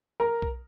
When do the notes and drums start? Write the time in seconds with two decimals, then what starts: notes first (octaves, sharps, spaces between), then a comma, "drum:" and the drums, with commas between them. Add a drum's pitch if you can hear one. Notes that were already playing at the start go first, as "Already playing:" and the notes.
0.20 A#4 A#5
0.42 drum: kick B1